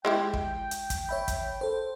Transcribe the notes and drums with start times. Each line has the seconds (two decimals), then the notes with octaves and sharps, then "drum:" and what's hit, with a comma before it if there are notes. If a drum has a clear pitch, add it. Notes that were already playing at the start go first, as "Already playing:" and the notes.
0.05 G#3 E4 G4 G5
0.33 drum: kick
0.71 drum: hi-hat
0.90 drum: kick, hi-hat
1.09 C#5 E5 B5
1.28 drum: kick, hi-hat
1.61 A4 C5